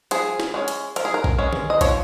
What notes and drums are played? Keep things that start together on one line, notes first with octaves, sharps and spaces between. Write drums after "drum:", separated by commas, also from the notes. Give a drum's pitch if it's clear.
F3 G#4, drum: hi-hat
drum: snare
G#3 C#4
drum: hi-hat
F3 A#4, drum: hi-hat
G#4
A#4
drum: kick
G#3 C#4
drum: tom D3
D#5
F3 C#5, drum: kick, hi-hat